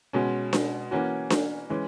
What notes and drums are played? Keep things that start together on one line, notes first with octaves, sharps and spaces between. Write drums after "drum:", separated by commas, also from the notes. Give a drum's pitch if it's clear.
B2 G#3 C#4
drum: snare D4
E3 A#3 C#4 F#4
drum: snare D4
E3 G#3 C#4